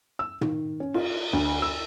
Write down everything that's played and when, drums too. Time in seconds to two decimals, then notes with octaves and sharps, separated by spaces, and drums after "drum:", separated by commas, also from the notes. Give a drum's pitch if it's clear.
0.19 E6
0.41 D#3, drum: tom
0.80 C#4
0.94 F4, drum: cymbal
1.33 D2
1.62 E6